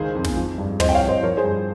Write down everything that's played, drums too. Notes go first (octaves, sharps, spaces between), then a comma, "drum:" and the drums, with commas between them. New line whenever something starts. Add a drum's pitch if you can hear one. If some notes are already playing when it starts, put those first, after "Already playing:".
Already playing: C#2 D#3 G#4 C5
F2
drum: snare
F3
G2
F2 C5 D#5, drum: tom
G5
C#5 F5
F2
C5 D#5
F3 A#4 C#5
G#4 C5
G2